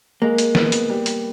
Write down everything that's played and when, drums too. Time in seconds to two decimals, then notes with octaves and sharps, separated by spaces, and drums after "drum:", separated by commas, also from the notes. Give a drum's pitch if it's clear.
0.22 G#3 A#3
0.38 drum: hi-hat
0.55 B3, drum: snare
0.72 drum: hi-hat
0.90 G3
1.06 drum: hi-hat